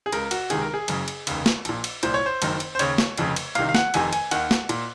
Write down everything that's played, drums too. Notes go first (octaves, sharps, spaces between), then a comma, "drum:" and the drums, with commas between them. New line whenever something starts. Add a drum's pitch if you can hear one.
G#4
C#2 C#3 A#4, drum: cymbal
F#4, drum: cymbal
C#2 C3 D#3 G#4, drum: cymbal
A#4
G#4
F#1 F#2 C#3, drum: cymbal
drum: cymbal
F1 D#2 C#3, drum: cymbal
drum: snare
A#1 A#2, drum: cymbal
drum: cymbal
C2 A#2 C5, drum: cymbal
C#5
C5
F#1 F#2 D#3, drum: cymbal
drum: cymbal
C5
D#2 C#3 C#5, drum: cymbal
drum: snare
F1 F2 C#3, drum: cymbal
drum: cymbal
C2 C3 D#3 F5, drum: cymbal
F5
F#5, drum: snare
F1 F2 C3 D#3 G#5, drum: cymbal
G#5, drum: cymbal
D#2 D#3 F#5, drum: cymbal
drum: snare
A#2, drum: cymbal